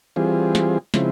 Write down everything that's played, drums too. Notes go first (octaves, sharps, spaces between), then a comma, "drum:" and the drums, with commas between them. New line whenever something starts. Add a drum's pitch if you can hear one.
E3 G3 C4 F4 G#4
drum: snare
C#3 F3 G#3 C4 E4, drum: snare